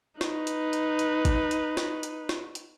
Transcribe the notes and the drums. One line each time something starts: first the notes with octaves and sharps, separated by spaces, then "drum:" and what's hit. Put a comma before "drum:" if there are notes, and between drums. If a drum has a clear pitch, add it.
D#4 B4, drum: snare
drum: hi-hat
drum: hi-hat
drum: hi-hat
drum: kick A1, hi-hat
drum: hi-hat
drum: snare
drum: hi-hat
drum: snare
drum: hi-hat